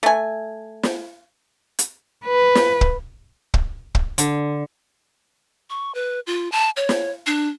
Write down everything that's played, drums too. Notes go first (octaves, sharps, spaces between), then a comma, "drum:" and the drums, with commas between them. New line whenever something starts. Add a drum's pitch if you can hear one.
A3 G#5
drum: snare
drum: hi-hat
B4
drum: snare
drum: kick
drum: kick
drum: kick
D3, drum: hi-hat
C#6
B4
F4
A5
C#5
drum: snare
D4